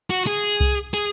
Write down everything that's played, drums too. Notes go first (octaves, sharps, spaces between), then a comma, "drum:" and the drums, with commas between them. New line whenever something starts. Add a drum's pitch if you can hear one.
F#4
G#4
drum: kick C2
G#4